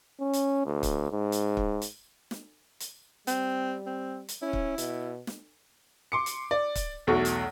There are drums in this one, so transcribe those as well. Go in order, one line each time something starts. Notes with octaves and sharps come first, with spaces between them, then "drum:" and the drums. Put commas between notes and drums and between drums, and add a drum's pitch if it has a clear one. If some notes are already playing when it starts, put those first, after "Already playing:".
C#4
drum: hi-hat
D2
drum: kick, hi-hat
G#2
drum: hi-hat
drum: kick
drum: hi-hat
drum: snare
drum: hi-hat
G3 C4, drum: hi-hat
C4
drum: hi-hat
C#4 E4
drum: kick
B2, drum: hi-hat
drum: snare
C6 D6 C#7
drum: hi-hat
D5
drum: kick, hi-hat
B1 E2 A3 F#4 C#6
drum: hi-hat